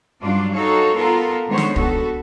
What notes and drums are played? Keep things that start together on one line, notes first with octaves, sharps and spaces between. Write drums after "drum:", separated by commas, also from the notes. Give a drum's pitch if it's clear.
G2 F#3 D4 F4 D5
D#4 F#4 A4 C#5 F5
B3 F4 A4 A#4
D3 D#3 G#3 B3 C5 C#5
drum: snare
B3 F#4 A4, drum: kick